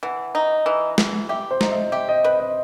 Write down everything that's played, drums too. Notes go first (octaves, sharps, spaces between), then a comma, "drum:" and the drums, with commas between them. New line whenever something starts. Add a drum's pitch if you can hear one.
E3 F#5
D#4
E3
E3, drum: snare
G4 E5
C5
D#4, drum: snare
E5
G4 E5
D#5
B4
D#5